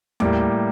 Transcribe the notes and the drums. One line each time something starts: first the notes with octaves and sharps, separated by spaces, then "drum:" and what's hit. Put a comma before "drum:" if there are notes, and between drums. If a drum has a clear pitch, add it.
A2 G3 A#3 D6, drum: tom D#2